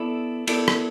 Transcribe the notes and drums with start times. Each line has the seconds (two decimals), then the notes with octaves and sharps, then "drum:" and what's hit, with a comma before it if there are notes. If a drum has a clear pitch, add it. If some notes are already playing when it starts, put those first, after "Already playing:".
Already playing: B3 E4 A4 D5
0.47 B3 E4 A4 D5, drum: cymbal
0.68 drum: rim click